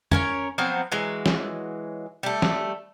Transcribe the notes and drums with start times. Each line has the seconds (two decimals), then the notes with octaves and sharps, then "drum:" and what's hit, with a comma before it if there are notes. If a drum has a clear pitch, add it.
0.11 C#4 A#4 C#5, drum: tom
0.58 F3 F#3 B3 C4
0.92 E3 F#3 G#3
1.26 drum: snare
2.23 G3 A3
2.42 drum: snare